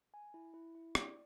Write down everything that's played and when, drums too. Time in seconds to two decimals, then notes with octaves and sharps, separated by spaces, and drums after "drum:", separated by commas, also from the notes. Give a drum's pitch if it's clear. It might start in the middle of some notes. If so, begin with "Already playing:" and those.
0.14 G#5
0.34 E4
0.54 E4
0.75 E4
0.95 D5, drum: rim click